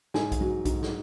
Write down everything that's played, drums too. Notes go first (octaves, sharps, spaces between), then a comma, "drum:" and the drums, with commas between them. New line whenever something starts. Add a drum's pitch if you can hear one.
G#2 G#5, drum: snare
drum: kick B1, hi-hat
F#3
G#2, drum: kick B1, hi-hat
drum: snare